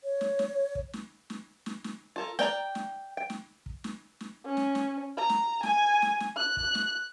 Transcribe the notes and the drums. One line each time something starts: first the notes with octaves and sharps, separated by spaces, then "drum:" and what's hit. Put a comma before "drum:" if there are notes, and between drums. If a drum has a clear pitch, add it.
C#5
drum: snare
drum: snare
drum: kick
drum: snare
drum: snare
drum: snare
drum: snare
F4 A4 A#4
A#4 D5 G5 A#5, drum: snare
drum: snare
G5
drum: snare
drum: kick
drum: snare
drum: snare
C#4
drum: snare
drum: snare
A#5
drum: snare
G#5, drum: snare
drum: snare
drum: snare
F#6
drum: kick
drum: snare